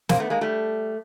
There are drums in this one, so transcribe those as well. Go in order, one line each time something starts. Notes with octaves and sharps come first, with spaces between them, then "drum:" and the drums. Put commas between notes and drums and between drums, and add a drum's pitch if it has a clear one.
A#3 C4, drum: snare
A3 B3
G#3 A#3
G3 A3